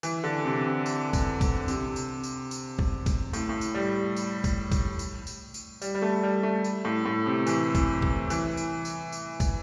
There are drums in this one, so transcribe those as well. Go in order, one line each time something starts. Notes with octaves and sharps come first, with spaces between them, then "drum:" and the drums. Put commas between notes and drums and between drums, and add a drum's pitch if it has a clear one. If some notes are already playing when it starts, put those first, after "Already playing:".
E3, drum: tambourine
D3
C3
C3
drum: tambourine
drum: kick, tambourine
drum: kick, tambourine
C3, drum: tambourine
drum: tambourine
drum: tambourine
drum: tambourine
drum: kick
drum: kick, tambourine
A2, drum: tambourine
A2
drum: tambourine
G3
drum: tambourine
drum: kick, tambourine
drum: kick, tambourine
drum: tambourine
drum: tambourine
drum: tambourine
G3, drum: tambourine
G3
A3
G3
A3
drum: tambourine
A2
A2
C3
E3, drum: tambourine
drum: kick, tambourine
drum: kick
E3, drum: tambourine
drum: tambourine
drum: tambourine
drum: tambourine
drum: kick, tambourine